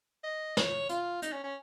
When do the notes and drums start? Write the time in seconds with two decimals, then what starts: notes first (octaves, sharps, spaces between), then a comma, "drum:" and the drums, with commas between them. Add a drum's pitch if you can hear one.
0.24 D#5
0.57 C#5, drum: snare
0.89 F4, drum: hi-hat
1.22 D#4, drum: hi-hat
1.33 C#4
1.44 C#4